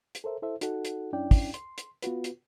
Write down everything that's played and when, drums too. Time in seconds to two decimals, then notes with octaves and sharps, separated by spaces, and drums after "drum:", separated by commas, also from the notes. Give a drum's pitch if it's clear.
0.15 drum: hi-hat
0.24 A4 A#4 C5 E5
0.42 E4 A4 C5 E5
0.61 D#4 F#4 A4 F#5, drum: hi-hat
0.85 drum: hi-hat
1.13 F#2 C#4 D4 E4 D5 G5
1.31 drum: kick, open hi-hat
1.54 C6, drum: hi-hat
1.78 drum: hi-hat
2.02 B3 F4 F#4 B4, drum: hi-hat
2.24 drum: hi-hat